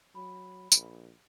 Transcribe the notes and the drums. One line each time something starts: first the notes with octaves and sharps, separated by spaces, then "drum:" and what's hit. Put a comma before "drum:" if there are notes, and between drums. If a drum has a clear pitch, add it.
F#3 B5
A#1, drum: tambourine